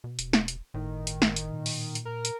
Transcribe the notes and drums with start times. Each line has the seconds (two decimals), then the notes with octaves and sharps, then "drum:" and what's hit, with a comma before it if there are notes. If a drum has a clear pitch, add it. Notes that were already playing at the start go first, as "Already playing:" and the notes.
0.04 B2
0.19 D#1, drum: hi-hat
0.33 drum: snare
0.48 drum: hi-hat
0.74 G1 A2 D#3
1.07 drum: hi-hat
1.22 drum: snare
1.36 drum: hi-hat
1.53 A#2
1.66 drum: open hi-hat
1.95 drum: hi-hat
2.05 A#4
2.25 drum: hi-hat